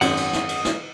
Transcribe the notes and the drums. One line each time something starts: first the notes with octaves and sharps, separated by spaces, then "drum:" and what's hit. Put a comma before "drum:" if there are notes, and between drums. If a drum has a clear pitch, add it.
G#1 F#2 D#5 F#5, drum: cymbal
drum: cymbal
drum: snare
drum: cymbal
drum: snare